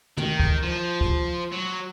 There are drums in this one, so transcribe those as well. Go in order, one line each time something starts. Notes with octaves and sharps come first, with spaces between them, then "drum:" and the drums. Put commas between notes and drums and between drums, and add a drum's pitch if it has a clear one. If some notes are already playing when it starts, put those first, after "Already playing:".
D#3, drum: tom
drum: kick
F3
drum: kick
F#3